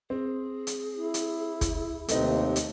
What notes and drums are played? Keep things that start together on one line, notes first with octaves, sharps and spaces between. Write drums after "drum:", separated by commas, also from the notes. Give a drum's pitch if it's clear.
C4 G#4
drum: hi-hat
E4
drum: hi-hat
drum: kick, hi-hat
D#2 C3 A3 C4 D#4 B4, drum: hi-hat
drum: hi-hat